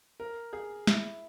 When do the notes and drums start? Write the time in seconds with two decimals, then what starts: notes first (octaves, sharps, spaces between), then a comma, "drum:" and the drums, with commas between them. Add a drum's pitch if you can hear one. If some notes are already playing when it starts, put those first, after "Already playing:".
0.20 A#4
0.53 G#4
0.87 E4, drum: snare